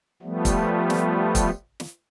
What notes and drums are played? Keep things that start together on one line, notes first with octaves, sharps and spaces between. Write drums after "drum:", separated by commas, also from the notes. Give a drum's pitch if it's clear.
F3 G3 A3 B3
drum: kick, hi-hat
drum: snare
drum: kick, hi-hat
drum: snare